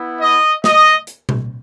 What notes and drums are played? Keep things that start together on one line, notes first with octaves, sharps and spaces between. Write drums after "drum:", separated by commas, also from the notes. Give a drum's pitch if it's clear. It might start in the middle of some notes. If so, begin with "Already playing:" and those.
Already playing: B3 E4
D#5
D#5, drum: snare
drum: hi-hat
drum: tom B2